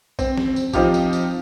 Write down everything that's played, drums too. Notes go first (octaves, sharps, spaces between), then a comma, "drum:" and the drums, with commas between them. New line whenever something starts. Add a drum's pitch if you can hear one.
C4, drum: kick, tambourine
drum: snare
drum: tambourine
F3 C4 D#4 F4 G4, drum: kick, tambourine
drum: tambourine
drum: tambourine